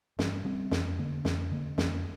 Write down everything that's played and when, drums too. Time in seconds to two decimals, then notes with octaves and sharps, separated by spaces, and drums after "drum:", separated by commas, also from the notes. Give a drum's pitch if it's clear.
0.19 G2, drum: snare
0.45 G3 C4
0.71 F2, drum: snare
0.99 D3 A#3
1.25 F2, drum: snare
1.51 D3 A#3
1.78 F2, drum: snare